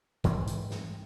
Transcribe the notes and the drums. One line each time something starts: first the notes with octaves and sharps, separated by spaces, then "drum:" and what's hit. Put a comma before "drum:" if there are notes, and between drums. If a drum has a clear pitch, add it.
G#2 E3 G3 C4, drum: kick, hi-hat
drum: hi-hat
drum: snare